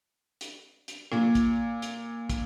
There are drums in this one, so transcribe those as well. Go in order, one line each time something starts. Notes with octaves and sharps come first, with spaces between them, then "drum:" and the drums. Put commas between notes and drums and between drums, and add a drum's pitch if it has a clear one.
drum: hi-hat
drum: hi-hat
A#2, drum: rim click
drum: kick, hi-hat
drum: hi-hat
drum: kick, hi-hat